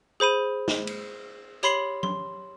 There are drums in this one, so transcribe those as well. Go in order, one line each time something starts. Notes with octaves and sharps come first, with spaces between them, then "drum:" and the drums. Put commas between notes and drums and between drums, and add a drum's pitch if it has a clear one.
G#4 C5 B5 D#7
drum: snare
drum: cymbal
G4 C#5 B5 C6 C7 F#7, drum: hi-hat
C6, drum: tom F#3